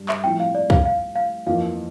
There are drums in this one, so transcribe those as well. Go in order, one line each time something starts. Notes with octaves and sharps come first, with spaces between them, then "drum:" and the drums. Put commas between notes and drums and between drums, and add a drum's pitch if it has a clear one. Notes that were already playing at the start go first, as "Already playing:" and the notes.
Already playing: G2
E5, drum: clap
A2 F3 C4 E4 G5
F5
D5
F5, drum: kick
F5
F5
F2 E3 A#3 F4 F5